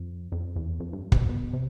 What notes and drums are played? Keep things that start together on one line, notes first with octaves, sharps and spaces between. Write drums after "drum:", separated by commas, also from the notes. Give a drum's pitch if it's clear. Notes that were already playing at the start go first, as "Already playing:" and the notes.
Already playing: F2
F2
E2
F2
G2
C3, drum: kick
B2
B2
C3